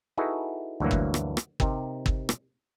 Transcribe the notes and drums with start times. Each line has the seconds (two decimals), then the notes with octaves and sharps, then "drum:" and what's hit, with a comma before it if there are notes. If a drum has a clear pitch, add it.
0.17 D#4 E4 F#4 G#4 A4 B4
0.80 D2 G2 E3 F#3 A#3
0.91 drum: kick
1.14 drum: rim click
1.37 drum: rim click
1.60 C3 D#4 G4 A#4, drum: kick
2.06 drum: kick
2.29 drum: rim click